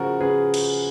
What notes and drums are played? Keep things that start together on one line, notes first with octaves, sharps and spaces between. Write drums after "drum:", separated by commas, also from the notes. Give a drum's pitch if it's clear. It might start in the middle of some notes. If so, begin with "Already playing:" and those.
Already playing: C#3 F3 F#4 A#4
C#3 G#4 B4
drum: cymbal